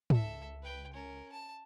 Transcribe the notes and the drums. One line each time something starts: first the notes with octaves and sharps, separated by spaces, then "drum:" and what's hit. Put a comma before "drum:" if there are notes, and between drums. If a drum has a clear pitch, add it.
C#2 A4 E5, drum: tom
B4 G5
C#4 A#4
A5